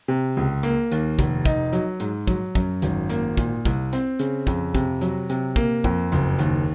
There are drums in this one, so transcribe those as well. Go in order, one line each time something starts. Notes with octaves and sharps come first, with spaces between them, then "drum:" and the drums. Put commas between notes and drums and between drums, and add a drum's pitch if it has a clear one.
C3
C#2
A#3, drum: hi-hat
D#2, drum: hi-hat
F1, drum: kick, hi-hat
D#4, drum: kick, hi-hat
F#3, drum: hi-hat
G#2, drum: hi-hat
F#3, drum: kick, hi-hat
F#2, drum: kick, hi-hat
G#1, drum: hi-hat
A#3, drum: hi-hat
A#2, drum: kick, hi-hat
C2, drum: kick, hi-hat
C4, drum: hi-hat
C#3, drum: hi-hat
F2, drum: kick, hi-hat
C3, drum: kick, hi-hat
F#3, drum: hi-hat
C3, drum: hi-hat
A#3, drum: kick, hi-hat
F2, drum: kick
F#1, drum: hi-hat
D#2, drum: hi-hat